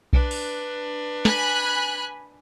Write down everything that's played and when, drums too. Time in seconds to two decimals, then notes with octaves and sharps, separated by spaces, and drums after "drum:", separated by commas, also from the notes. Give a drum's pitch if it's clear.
0.13 D4 B4, drum: kick B1
0.31 drum: open hi-hat
1.25 G#5 B5 F#6, drum: snare